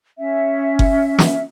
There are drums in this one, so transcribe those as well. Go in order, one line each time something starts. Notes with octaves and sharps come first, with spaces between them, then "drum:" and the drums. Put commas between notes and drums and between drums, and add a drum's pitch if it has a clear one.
C#4 E5
drum: kick F#1
drum: snare